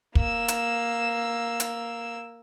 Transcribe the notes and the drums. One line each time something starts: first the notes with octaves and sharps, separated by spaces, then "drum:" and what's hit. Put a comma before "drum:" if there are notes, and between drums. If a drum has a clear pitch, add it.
A#3 E6, drum: kick
drum: hi-hat
drum: hi-hat